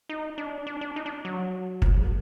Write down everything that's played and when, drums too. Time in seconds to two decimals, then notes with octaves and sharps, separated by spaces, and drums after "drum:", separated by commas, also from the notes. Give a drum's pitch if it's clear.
0.09 D#4
0.38 D4
0.67 D4
0.81 D4
0.96 D#4
1.06 D4
1.25 F#3
1.82 F3, drum: kick
1.89 F#3
1.97 G#3
2.04 A#3